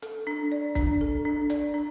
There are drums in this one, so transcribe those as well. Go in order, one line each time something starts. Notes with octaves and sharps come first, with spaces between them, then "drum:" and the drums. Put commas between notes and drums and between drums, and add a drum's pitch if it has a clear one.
A4, drum: hi-hat
D4
D5
D4, drum: kick, hi-hat
A4
D4
D5, drum: hi-hat
D4